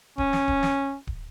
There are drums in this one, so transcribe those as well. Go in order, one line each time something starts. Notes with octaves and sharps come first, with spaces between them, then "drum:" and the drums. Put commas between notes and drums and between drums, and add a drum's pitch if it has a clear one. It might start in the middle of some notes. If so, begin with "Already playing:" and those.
C#4, drum: kick D1
drum: snare
drum: kick D1
drum: snare
drum: kick D1